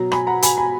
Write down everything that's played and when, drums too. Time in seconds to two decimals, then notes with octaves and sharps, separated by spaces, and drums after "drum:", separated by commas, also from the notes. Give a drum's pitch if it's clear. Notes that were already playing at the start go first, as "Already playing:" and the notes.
Already playing: B2 F#3 A#5
0.12 G#5 B5, drum: rim click
0.27 F#5 A#5
0.42 G#5 B5, drum: hi-hat
0.57 G#5 B5